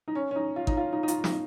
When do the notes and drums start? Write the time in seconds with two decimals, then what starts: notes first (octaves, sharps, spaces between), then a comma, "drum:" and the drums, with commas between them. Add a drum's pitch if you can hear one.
0.08 D#4
0.15 C#4
0.31 C#4
0.36 D#4
0.56 F4
0.67 D#4, drum: kick
0.77 F4
0.93 D#4
1.03 D#4
1.08 F4, drum: hi-hat
1.24 D#4, drum: snare